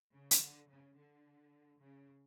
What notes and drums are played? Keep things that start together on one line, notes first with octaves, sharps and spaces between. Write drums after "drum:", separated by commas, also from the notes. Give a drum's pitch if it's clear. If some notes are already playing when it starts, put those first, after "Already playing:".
C#3
drum: hi-hat
D3
C#3
D3
C#3